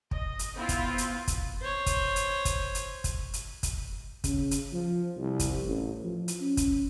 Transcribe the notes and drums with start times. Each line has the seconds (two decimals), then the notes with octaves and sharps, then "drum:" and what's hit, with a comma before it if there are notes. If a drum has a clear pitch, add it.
0.11 D#5, drum: kick
0.39 drum: hi-hat
0.54 B3 C4 E4 F4
0.69 drum: kick, hi-hat
0.98 drum: hi-hat
1.28 drum: kick, hi-hat
1.62 C5 C#5
1.86 drum: kick, hi-hat
2.16 drum: hi-hat
2.45 drum: kick, hi-hat
2.75 drum: hi-hat
3.04 drum: kick, hi-hat
3.34 drum: hi-hat
3.63 drum: kick, hi-hat
4.24 C#3, drum: kick, hi-hat
4.51 drum: hi-hat
4.73 F3
5.17 C2
5.40 drum: kick, hi-hat
5.66 A1
6.04 F3
6.28 drum: hi-hat
6.41 C#4
6.57 drum: kick, hi-hat